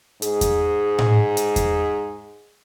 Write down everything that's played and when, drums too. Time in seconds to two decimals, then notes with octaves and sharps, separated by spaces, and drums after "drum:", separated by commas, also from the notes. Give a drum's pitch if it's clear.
0.22 G#2 G#4, drum: hi-hat
0.41 drum: kick E2, hi-hat
0.99 drum: tom A2
1.37 drum: hi-hat
1.56 drum: kick E2, hi-hat